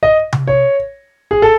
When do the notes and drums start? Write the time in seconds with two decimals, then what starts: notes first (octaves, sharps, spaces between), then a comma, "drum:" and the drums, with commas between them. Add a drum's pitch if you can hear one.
0.03 D#5
0.33 drum: tom C3
0.47 C#5
1.31 G#4
1.42 A4